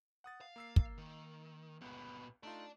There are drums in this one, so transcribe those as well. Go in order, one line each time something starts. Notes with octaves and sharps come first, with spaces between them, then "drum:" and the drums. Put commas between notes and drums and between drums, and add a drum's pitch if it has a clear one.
F#5 D#6 A6
F5
A#3 E6 C7
drum: kick
D#3
G1 C#2 A#2 B3
A3 D#4 F4 D5 A5